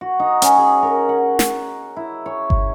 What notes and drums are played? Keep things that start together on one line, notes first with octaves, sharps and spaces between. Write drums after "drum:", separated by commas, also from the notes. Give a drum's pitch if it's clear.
F#4
D#4
C#4, drum: hi-hat
G#4
A#4
F#5
drum: snare
E4
C#5
drum: kick G1